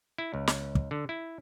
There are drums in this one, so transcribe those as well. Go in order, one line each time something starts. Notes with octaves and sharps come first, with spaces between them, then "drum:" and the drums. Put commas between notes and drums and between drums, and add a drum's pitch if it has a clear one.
E4
C#2
drum: snare
drum: kick
D3
E4